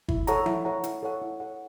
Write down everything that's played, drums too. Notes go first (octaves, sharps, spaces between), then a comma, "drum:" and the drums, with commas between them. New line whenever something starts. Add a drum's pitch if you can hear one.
E4, drum: kick G1
A4 C#5 F#5 A#5, drum: hi-hat
E4, drum: tom F3
A4 C#5 F#5 A#5
E4, drum: hi-hat
A4 C#5 F#5
E4
A4 C#5 F#5